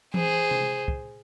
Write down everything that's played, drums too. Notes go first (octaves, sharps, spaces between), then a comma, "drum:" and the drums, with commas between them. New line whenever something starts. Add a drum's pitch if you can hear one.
G#4 C5, drum: tom E3
drum: tom C3
drum: kick